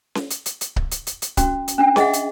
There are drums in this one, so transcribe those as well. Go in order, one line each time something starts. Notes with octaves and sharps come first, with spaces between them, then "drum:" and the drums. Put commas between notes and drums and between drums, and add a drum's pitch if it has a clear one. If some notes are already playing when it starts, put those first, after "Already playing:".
drum: snare C#4
drum: hi-hat
drum: hi-hat
drum: hi-hat
drum: kick C#1
drum: hi-hat
drum: hi-hat
drum: hi-hat
C#4 F#4, drum: kick C#1, hi-hat
drum: hi-hat
C#4 D4 G5
G#4 D#5 E5 F#5, drum: snare C#4
drum: hi-hat